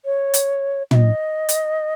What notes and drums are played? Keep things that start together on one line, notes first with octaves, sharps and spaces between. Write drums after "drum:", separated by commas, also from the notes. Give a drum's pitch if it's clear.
C#5
drum: hi-hat
E5, drum: tom
D#5
drum: hi-hat